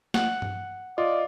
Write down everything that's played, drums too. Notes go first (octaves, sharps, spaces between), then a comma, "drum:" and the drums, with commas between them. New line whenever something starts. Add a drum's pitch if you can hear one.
F#5, drum: snare
drum: tom G2
F4 D5 D#5